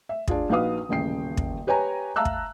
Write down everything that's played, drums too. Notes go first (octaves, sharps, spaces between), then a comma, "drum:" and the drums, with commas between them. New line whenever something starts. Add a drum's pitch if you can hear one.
E5
D4 F4 G#4, drum: kick
A#1 D#4 F#4 B4 F5 D#6
D#1 A1 C#3 G5 C7
drum: kick
G4 B4 C#5 G5 G#5 A#5
E5 F5 A5 A#5 E6 F#6
drum: kick